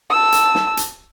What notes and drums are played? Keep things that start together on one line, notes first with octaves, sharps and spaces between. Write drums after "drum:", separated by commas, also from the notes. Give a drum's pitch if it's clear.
A5 E6
drum: hi-hat
drum: snare
drum: hi-hat